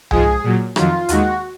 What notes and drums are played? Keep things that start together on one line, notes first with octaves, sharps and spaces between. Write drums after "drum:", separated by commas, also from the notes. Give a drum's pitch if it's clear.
G#2 F3 G#3 G#4, drum: tom C2
A#2 F#3
F2 D#3 F#3 F4, drum: rim click
D#2 D#3 G#3 F#4, drum: hi-hat